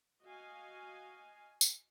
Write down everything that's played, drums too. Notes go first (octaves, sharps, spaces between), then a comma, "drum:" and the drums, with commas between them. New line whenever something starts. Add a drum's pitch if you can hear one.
F#4 D#5 F5 G#5
drum: tambourine